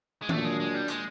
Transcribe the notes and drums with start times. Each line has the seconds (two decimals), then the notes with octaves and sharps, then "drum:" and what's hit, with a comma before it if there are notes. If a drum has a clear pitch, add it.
0.22 G#3
0.29 A#2 F#3 A3 A#3 D4, drum: tom D#3
0.45 G#3
0.60 G#3
0.74 G3
0.88 G#3, drum: hi-hat